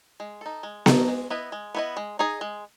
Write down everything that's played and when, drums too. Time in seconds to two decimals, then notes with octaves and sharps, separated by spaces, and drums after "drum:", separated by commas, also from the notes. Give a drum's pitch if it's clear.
0.20 G#3
0.41 D#4 A4
0.63 G#3
0.86 D#4 A4, drum: snare B3
1.08 G#3
1.30 B3 E4 B4 D#5
1.52 G#3
1.75 B3 E4 B4 D#5
1.97 G#3
2.19 D#4 G#4 D#5
2.41 G#3